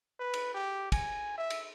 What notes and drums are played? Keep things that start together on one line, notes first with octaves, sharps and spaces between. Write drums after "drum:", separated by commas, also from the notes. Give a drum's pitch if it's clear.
B4
drum: cymbal
G4
G#5, drum: kick, cymbal
E5
drum: cymbal